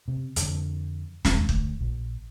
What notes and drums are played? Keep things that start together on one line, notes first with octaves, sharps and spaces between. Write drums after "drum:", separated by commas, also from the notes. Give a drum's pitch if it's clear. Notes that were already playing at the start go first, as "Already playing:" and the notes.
C3
F2 D3, drum: hi-hat
E1 D#2 G#3 C4, drum: snare
D2, drum: kick
A#1